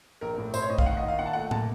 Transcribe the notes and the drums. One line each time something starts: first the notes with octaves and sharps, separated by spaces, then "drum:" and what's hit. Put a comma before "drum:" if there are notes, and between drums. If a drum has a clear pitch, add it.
A#1 A#4
A2
A2 C5, drum: tambourine
C#5
A2 D#5
F5, drum: kick
D#3 F#5
D#5
D#3
F5
A#2 F#5
A5
A3 F#5
A#3 A5, drum: tom A2